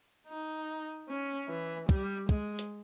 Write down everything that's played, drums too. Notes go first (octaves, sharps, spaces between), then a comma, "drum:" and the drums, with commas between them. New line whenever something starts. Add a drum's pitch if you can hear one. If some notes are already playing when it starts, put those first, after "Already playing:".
D#4
C#4
E3
G3, drum: kick
G#3, drum: kick
drum: hi-hat